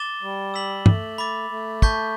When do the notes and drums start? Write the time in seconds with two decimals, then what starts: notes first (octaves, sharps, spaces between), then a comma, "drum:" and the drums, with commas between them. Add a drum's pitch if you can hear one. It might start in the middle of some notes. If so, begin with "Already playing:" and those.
Already playing: D6 A6 E7 G7
0.22 G3
0.54 E6 B6 F#7
0.86 A3, drum: tom
1.18 B5 D6 A6
1.50 A3
1.82 A5 C#6 G6 B6, drum: kick